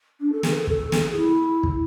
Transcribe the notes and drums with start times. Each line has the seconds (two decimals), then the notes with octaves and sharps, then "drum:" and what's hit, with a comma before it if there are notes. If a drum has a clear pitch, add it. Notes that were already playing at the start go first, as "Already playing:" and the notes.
0.20 D4
0.32 A4
0.43 G#4, drum: snare
0.52 B4
0.56 A4
0.67 A4, drum: kick
0.92 G#4, drum: snare
1.16 E4
1.63 drum: kick